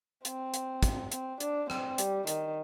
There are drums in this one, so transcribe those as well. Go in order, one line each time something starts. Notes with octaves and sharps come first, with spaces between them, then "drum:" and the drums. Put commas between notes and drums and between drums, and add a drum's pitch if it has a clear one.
C4, drum: hi-hat
drum: hi-hat
drum: kick, hi-hat
C4, drum: hi-hat
D4, drum: hi-hat
C4, drum: rim click
G3, drum: hi-hat
D#3, drum: hi-hat